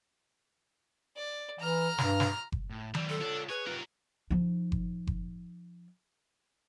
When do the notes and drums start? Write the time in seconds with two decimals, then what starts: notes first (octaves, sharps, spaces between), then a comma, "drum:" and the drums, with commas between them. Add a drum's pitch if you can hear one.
1.17 D5
1.60 E3 A#5 F6
1.98 G2, drum: snare
2.20 drum: snare
2.52 drum: kick F#1
2.70 A2
2.95 E3 F#3 C4 D5, drum: tom D#3
3.09 C3 A4
3.21 D4 F4 C#5
3.50 G#4 B4 C#5
3.67 F#3 F4 G4 A#4
4.31 F3 D#4
4.72 drum: kick F#1
5.07 drum: kick F#1